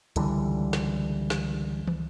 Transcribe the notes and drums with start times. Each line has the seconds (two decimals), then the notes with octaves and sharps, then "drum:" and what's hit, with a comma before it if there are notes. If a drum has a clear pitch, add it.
0.16 C#2 D3 E3 G3, drum: hi-hat
0.73 drum: snare
1.30 drum: snare
1.87 drum: tom